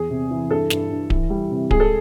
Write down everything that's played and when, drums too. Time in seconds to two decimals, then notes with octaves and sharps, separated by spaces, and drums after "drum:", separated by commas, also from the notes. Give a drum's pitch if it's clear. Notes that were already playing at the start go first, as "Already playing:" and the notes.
Already playing: E2 G#4
0.10 C3
0.31 E3
0.50 G2 A4
0.70 G2, drum: snare
0.90 G2
1.10 E3, drum: kick D1
1.30 G3
1.50 C3
1.71 G#3 G#4, drum: kick D1
1.80 A4